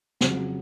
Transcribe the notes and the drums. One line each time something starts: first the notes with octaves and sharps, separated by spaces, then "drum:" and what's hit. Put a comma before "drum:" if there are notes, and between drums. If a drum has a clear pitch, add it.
F2 C#3 F#3, drum: snare